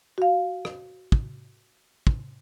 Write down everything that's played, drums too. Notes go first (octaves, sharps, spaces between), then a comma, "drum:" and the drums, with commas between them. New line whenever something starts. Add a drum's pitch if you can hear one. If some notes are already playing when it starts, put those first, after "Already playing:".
F#4 F5
drum: rim click
drum: kick
drum: kick